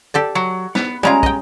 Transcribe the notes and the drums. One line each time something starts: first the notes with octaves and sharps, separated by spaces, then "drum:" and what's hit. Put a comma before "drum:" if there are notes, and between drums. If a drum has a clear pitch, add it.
G4 A4 D5
F#3
B3, drum: snare
G3 G#3 C#4 F4 A#5
D#5 G5, drum: kick